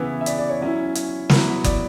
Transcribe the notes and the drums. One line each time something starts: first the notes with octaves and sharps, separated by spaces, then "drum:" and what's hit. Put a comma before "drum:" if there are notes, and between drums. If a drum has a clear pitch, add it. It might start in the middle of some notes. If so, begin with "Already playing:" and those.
Already playing: C#3 E3 B3 E4
E5
D5, drum: hi-hat
D5
C#5
F#3 C#4 E4
drum: hi-hat
F#3 B3 E4 B4, drum: snare
D5, drum: kick F#1, hi-hat